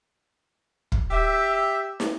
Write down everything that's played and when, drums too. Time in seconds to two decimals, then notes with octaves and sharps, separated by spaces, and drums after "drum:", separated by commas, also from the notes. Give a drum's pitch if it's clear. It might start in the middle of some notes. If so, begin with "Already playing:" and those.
0.92 drum: kick
1.10 G4 E5
2.00 drum: snare